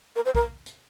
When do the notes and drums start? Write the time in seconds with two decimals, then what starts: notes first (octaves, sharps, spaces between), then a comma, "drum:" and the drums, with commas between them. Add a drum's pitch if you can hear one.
0.16 A#4
0.25 C5
0.35 A#4, drum: kick B1
0.66 drum: hi-hat